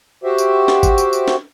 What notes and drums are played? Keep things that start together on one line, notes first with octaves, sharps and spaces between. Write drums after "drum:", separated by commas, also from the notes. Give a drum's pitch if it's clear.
F#4 G4 C5 E5
drum: tambourine
drum: snare
drum: kick, tambourine
drum: tambourine
drum: tambourine
drum: snare